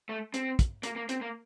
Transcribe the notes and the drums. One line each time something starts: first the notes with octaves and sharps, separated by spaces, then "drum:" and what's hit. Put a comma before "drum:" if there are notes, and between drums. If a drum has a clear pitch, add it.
A3
C4, drum: hi-hat
drum: kick, hi-hat
A#3, drum: hi-hat
A#3
C4, drum: hi-hat
A#3